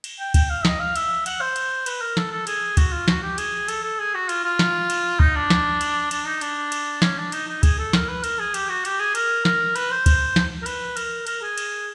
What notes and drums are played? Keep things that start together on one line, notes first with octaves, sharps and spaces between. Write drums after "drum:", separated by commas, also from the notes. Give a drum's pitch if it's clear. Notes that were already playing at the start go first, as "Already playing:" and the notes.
drum: cymbal
G5
G5, drum: kick C#2, cymbal
F5
D#5, drum: snare
F5
E5, drum: cymbal
F#5, drum: cymbal
C5
drum: cymbal
B4, drum: cymbal
A#4
A4, drum: snare
A4
G#4, drum: cymbal
F#4, drum: kick C#2, cymbal
F4
F#4, drum: snare
G4
G#4, drum: cymbal
A4, drum: cymbal
A4
G#4
F#4
F4, drum: cymbal
F4
drum: snare
drum: cymbal
D#4, drum: kick C#2
D4
drum: snare
drum: cymbal
D4, drum: cymbal
D#4
D4, drum: cymbal
drum: cymbal
C#4, drum: snare
D4
D#4, drum: cymbal
D#4
G#4, drum: kick C#2, cymbal
A4
A#4, drum: snare
B4
A#4, drum: cymbal
G#4
G4, drum: cymbal
F#4
G4, drum: cymbal
G#4
A#4, drum: cymbal
A#4, drum: snare
B4, drum: cymbal
C5
C5, drum: kick C#2, cymbal
drum: snare
A#4
B4, drum: cymbal
A#4, drum: cymbal
A#4, drum: cymbal
G#4
drum: cymbal